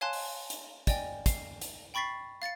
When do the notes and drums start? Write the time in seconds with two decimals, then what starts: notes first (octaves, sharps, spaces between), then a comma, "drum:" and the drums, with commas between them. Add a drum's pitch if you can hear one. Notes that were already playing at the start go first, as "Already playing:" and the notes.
0.01 C#5 F5 G#5 A5 C6 F#6
0.13 drum: open hi-hat
0.50 drum: hi-hat
0.87 D5 D#5 G5 G#5, drum: kick, hi-hat
1.26 C7, drum: kick, hi-hat
1.61 drum: hi-hat
1.94 G5 B5 C#6 A6 B6 C7
2.42 F5 A6 C7 C#7